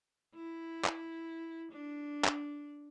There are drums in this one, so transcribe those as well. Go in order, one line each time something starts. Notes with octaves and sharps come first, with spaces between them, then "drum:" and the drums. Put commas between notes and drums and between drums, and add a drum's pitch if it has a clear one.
E4
drum: clap
D4
drum: clap